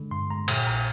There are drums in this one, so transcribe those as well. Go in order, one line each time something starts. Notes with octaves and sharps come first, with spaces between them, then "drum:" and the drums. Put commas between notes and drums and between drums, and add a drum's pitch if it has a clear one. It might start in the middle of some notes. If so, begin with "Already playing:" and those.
Already playing: D3 G#3
G2 C6
G#3 A#5
A#2, drum: cymbal
A#1 A#5